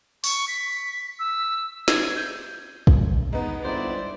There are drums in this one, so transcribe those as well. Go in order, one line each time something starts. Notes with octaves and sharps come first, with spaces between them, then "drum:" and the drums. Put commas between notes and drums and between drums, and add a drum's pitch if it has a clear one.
C#6, drum: open hi-hat
B6
E6
G#6, drum: snare
G6
drum: kick
G#3 B3 D#4
G1 E4 C5 D5